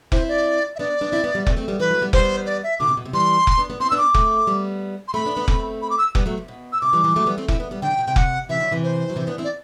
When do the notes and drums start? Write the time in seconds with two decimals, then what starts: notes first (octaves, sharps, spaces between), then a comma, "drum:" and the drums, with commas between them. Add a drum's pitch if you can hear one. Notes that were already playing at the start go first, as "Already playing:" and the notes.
0.12 C4 E4 C5, drum: kick F1
0.28 D5
0.76 E5
0.79 B3 D4 D5
1.01 B3 D4
1.12 C4 E4
1.24 B3 D4
1.35 G3 B3
1.47 A3 C4, drum: kick F1
1.57 A3 C4
1.68 G3 B3
1.79 E3 G3 B4
1.91 F#3 A3
2.02 G3 B3
2.13 G3 B3 C5, drum: kick F1
2.46 D5
2.63 E5
2.80 B2 D3 D6
2.89 C3
2.97 B2
3.05 C3
3.13 E3 G3 C6
3.47 drum: kick F1
3.58 B3 D4
3.70 B3 D4
3.80 C4 E4 C6
3.90 B3 D4 E6
3.98 D6
4.14 A3 C4, drum: kick F1
4.47 G3 B3
5.08 C6
5.14 A3 C4 B5
5.25 B3 D4
5.37 B3 D4
5.48 A3 C4, drum: kick F1
5.82 B5
5.90 D6
5.98 E6
6.15 G3 B3, drum: kick F1
6.26 F#3 A3
6.38 C3
6.48 B2
6.73 E6
6.81 C3 D6
6.93 E3 G3
7.04 E3 G3
7.16 F#3 A3
7.26 G3 B3
7.38 A3 C4
7.48 C4 E4, drum: kick F1
7.60 B3 D4
7.71 G3 B3
7.82 D3 F#3 G5
7.91 C3
7.99 B2
8.06 C3 G5
8.16 F#5, drum: kick F1
8.49 C3 E3 E5
8.60 D3 F#3
8.72 C3 E3
8.83 C5
9.10 F#3
9.16 C3 E3
9.27 B3 D4
9.38 C4 E4
9.44 D5